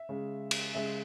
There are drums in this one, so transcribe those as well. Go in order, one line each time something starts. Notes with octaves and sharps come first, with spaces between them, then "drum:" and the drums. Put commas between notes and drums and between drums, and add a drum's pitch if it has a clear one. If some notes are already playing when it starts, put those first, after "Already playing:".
Already playing: E5
C#3 G#3
drum: cymbal
C#3 G#3 E5